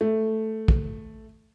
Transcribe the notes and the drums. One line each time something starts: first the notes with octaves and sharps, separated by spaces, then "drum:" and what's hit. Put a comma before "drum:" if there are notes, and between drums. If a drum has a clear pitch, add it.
A3
drum: kick